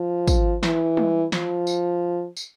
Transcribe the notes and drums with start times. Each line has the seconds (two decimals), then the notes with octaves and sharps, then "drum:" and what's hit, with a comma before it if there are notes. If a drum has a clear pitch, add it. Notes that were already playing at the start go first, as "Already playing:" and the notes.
Already playing: F3
0.28 drum: kick, tambourine
0.63 E3, drum: snare
0.97 drum: tom G3
1.32 F3, drum: snare
1.67 drum: tambourine
2.37 drum: tambourine